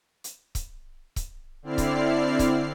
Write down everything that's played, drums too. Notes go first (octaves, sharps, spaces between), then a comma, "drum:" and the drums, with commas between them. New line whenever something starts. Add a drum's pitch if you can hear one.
drum: hi-hat
drum: kick C#1, hi-hat
drum: kick C#1, hi-hat
D3 C4 E4 D5 F6 C7
drum: kick C#1, hi-hat
drum: kick C#1, hi-hat